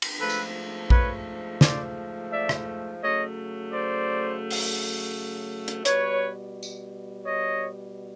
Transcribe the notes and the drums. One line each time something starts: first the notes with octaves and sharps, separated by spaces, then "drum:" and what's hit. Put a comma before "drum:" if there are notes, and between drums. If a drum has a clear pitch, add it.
drum: cymbal
G#2 F3 A3 A4 B4
drum: tambourine
B4 C#5, drum: kick A#1
C5 D5, drum: snare
D5 E5
drum: rim click
C#3 F#3 A3 C#5 D#5
C5 D5
drum: open hi-hat
drum: hi-hat
B2 G3 B4 C#5, drum: hi-hat
drum: tambourine
C#5 D#5